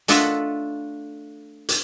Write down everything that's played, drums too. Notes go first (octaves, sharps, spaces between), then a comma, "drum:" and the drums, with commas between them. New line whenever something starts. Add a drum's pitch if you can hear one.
A3 D4 F4 D#5 E5 F#5, drum: hi-hat
drum: hi-hat